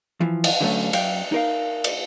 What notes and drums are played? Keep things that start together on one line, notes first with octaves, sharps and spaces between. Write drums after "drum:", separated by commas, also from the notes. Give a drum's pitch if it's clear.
E3 F3
drum: cymbal
D3 F#3 A3 C#4
F#2 F#3 F5 G5, drum: cymbal
D#4 A#4 F5
drum: cymbal